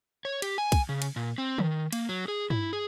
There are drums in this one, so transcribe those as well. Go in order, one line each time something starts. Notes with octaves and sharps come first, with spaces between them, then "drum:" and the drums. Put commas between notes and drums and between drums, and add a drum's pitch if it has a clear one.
C#5
G4, drum: cymbal
G#5
drum: kick, cymbal
C#3
drum: cymbal
A#2
C4
D#3, drum: tom D#3
A#3, drum: cymbal
F#3
G#4
E4, drum: tom G2
G#4